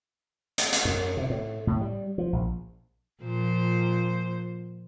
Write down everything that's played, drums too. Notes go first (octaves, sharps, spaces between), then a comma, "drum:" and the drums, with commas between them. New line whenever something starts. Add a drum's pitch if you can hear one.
drum: hi-hat
drum: hi-hat
F#2
C3
A2
A2
G3
F3
A#1
A#2 F3 C5